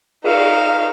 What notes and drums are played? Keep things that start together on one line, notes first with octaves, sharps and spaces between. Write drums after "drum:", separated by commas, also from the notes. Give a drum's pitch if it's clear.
D#4 F5, drum: cymbal